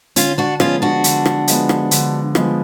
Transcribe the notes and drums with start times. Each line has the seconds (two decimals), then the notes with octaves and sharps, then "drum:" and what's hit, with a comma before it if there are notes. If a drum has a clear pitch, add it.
0.16 D3 C#4 F4, drum: hi-hat
0.38 D4 F#4
0.60 F3 G#3 B3 C#4 F4, drum: rim click
0.82 D4 F#4
1.04 D3, drum: hi-hat
1.26 drum: rim click
1.48 F3 G#3 B3, drum: hi-hat
1.69 drum: rim click
1.91 D3, drum: hi-hat
2.35 F3 G#3 B3, drum: rim click